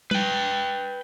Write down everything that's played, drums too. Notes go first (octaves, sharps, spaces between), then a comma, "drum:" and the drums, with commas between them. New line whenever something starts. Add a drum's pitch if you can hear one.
B4 G5, drum: tom G3